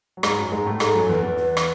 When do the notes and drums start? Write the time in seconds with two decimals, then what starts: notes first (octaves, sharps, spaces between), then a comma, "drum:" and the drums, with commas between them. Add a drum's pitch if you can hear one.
0.17 F#3
0.23 G#2 G#3, drum: rim click
0.37 F#2 F#3
0.52 G#2 G#3
0.66 A2 A3
0.80 G#2 G#3 A4, drum: rim click
0.95 F#2 F#3
1.09 E2 E3
1.23 E2 E3
1.38 B4
1.57 drum: rim click